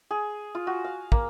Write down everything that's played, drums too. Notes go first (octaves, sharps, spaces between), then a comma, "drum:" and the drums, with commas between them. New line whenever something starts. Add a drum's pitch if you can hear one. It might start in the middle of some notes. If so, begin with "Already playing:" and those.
G#4
F4
F#4
F5
A#3, drum: kick